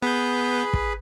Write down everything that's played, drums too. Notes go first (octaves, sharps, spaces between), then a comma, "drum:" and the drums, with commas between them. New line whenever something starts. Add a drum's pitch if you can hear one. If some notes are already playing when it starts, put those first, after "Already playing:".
B3 G#4 B4 B5 G6
drum: kick